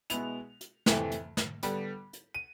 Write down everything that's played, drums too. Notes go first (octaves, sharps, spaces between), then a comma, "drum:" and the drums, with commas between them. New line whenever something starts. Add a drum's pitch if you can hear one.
B2 G#3 B3 E4 F7, drum: hi-hat
drum: hi-hat
F2 C3 E3 A3, drum: snare
drum: hi-hat
drum: snare
D3 G3 B3, drum: hi-hat
drum: hi-hat
D#7